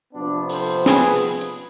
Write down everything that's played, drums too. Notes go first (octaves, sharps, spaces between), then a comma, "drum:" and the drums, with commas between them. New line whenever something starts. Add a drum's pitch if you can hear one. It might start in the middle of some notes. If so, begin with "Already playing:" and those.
C3 F3 B3 D4
A4 C5, drum: open hi-hat
G#4 B4, drum: snare
drum: open hi-hat
drum: hi-hat